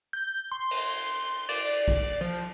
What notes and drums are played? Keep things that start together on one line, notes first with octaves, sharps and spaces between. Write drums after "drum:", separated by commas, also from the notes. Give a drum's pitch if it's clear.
G6
C6
drum: cymbal
D5, drum: cymbal
drum: kick A#1
F3